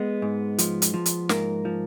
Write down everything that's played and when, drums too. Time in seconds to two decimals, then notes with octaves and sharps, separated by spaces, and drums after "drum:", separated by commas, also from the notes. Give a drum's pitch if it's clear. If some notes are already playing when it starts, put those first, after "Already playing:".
Already playing: G#3 B3
0.22 G#2
0.58 F3, drum: hi-hat
0.82 drum: hi-hat
0.94 F3
1.06 drum: hi-hat
1.29 G#2 A#3, drum: snare
1.65 F3